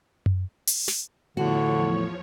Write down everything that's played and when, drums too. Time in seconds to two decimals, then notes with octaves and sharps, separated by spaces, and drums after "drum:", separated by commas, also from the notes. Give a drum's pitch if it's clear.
0.26 drum: tom F#2
0.67 drum: open hi-hat
0.88 drum: snare
1.37 E2 A2 D3 F3 F#4 C#5